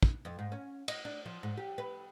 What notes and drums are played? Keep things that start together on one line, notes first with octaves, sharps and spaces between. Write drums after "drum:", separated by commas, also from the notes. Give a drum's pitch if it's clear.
drum: kick
F2
G#2
C#4
D#5, drum: cymbal
D4
F3
G#2
G4
B4